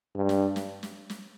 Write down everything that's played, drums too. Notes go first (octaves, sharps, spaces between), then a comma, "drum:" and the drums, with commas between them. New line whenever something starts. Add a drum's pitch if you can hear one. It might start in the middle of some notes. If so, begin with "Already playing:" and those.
G2
drum: snare
drum: snare
drum: snare
drum: snare